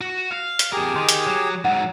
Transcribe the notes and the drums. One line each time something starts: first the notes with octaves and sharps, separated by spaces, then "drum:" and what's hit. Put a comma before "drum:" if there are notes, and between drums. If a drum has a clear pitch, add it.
F#4
F5
drum: hi-hat
F2 G4 G#4 A#4
D#3 C6
drum: hi-hat
F#3
G#2 F#3 F#5